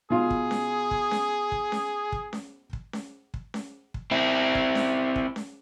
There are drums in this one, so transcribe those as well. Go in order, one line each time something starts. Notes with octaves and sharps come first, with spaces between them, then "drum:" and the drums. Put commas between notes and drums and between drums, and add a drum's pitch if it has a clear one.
B2 F4 G#4
drum: kick
drum: snare C#4
drum: kick
drum: snare C#4
drum: kick
drum: snare C#4
drum: kick
drum: snare C#4
drum: kick
drum: snare C#4
drum: kick
drum: snare C#4
drum: kick
C4 E4
drum: kick
drum: snare C#4
drum: kick
drum: snare C#4